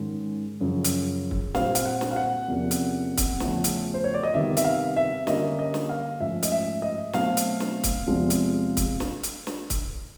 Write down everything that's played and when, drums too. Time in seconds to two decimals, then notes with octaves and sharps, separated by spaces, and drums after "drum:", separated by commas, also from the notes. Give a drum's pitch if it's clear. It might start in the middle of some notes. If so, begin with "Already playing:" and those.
Already playing: G#2 D#3 G#3 C#4
0.61 F#2 C#3 F3
0.84 drum: hi-hat
1.31 drum: kick
1.55 A#2 G3 C4 F5, drum: snare
1.75 F5, drum: hi-hat
1.85 F#5
2.01 drum: snare
2.11 F5
2.16 F#5
2.48 E2 C3 F3 A#3 C#4
2.71 drum: hi-hat
3.18 drum: kick, hi-hat
3.40 E2 C#3 F3 A3 C#4, drum: snare
3.64 drum: hi-hat
3.94 C5
4.04 C#5
4.14 D5
4.23 D#5
4.34 C3 D#3 G3 B3 E5
4.57 E5, drum: hi-hat
4.65 F5
4.97 E5
5.27 D3 G3 A#3 C#4 D#5, drum: snare
5.59 D#5
5.74 drum: snare
5.89 F5
6.20 G#2 F3 A3 C#4 E5
6.43 D#5, drum: hi-hat
6.52 E5
6.82 D#5
7.13 B2 F#3 A3 C4 F5, drum: snare
7.37 drum: hi-hat
7.60 drum: snare
7.84 drum: kick, hi-hat
8.06 E2 C3 F3 G#3
8.30 drum: hi-hat
8.77 drum: kick, hi-hat
9.00 drum: snare
9.23 drum: hi-hat
9.47 drum: snare
9.70 drum: kick, hi-hat